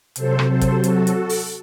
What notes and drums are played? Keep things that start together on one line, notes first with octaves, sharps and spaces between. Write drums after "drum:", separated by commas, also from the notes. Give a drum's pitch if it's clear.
C3 F#3 A4 C5, drum: hi-hat
drum: rim click
A4 C5
drum: kick, hi-hat
F#4 A4, drum: hi-hat
drum: hi-hat
drum: open hi-hat